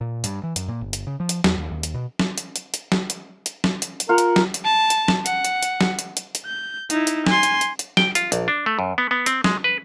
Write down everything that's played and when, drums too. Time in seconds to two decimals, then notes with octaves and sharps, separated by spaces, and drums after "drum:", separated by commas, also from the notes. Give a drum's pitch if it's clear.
0.01 A#2
0.24 G2, drum: hi-hat
0.43 E3
0.56 F#2, drum: hi-hat
0.68 A#2
0.81 G1
0.93 drum: hi-hat
1.07 C#3
1.20 F3
1.29 drum: hi-hat
1.44 E2, drum: snare
1.58 D#2
1.71 D#2
1.83 drum: hi-hat
1.94 B2
2.19 drum: snare
2.38 drum: hi-hat
2.56 drum: hi-hat
2.74 drum: hi-hat
2.92 drum: snare
3.10 drum: hi-hat
3.46 drum: hi-hat
3.64 drum: snare
3.82 drum: hi-hat
4.00 drum: hi-hat
4.09 F4 A#4 F#5
4.18 drum: hi-hat
4.36 drum: snare
4.54 drum: hi-hat
4.65 A5
4.90 drum: hi-hat
5.08 drum: snare
5.26 F#5, drum: hi-hat
5.44 drum: hi-hat
5.63 drum: hi-hat
5.81 drum: snare
5.99 drum: hi-hat
6.17 drum: hi-hat
6.35 drum: hi-hat
6.46 G6
6.90 D#4 E4, drum: hi-hat
7.07 drum: hi-hat
7.27 G#5 C6, drum: snare
7.43 drum: hi-hat
7.61 drum: hi-hat
7.79 drum: hi-hat
7.97 G5, drum: snare
8.15 F4, drum: hi-hat
8.32 A#1, drum: hi-hat
8.48 D4
8.66 A3
8.79 F#2
8.98 B3
9.11 B3
9.26 C4, drum: hi-hat
9.44 G#3, drum: snare
9.64 B4